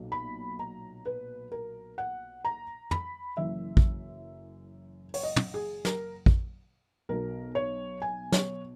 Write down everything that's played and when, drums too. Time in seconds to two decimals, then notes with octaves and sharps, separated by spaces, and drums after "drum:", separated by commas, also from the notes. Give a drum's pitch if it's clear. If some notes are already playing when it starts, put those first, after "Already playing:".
Already playing: B1 A#2 F#3
0.12 B5
0.59 A#5
1.05 B4
1.52 A#4
1.98 F#5
2.45 A#5
2.91 B5, drum: tom
3.37 F#1 F#2 E3 E5
3.77 drum: kick
5.14 C#5, drum: open hi-hat
5.23 D#5
5.36 drum: tom
5.54 G#4
5.85 A#4, drum: snare
6.26 drum: kick
7.09 B1 B2 F#3 A#4
7.55 C#5
8.02 G#5
8.32 C#5, drum: snare